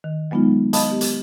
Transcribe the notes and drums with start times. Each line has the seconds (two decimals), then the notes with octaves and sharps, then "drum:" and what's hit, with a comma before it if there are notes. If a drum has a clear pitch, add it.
0.04 D#3
0.31 F#3 G#3 B3 D#4 F4
0.73 D#5 F5 A5 B5 D#6, drum: hi-hat
0.90 B3 G4
1.01 drum: hi-hat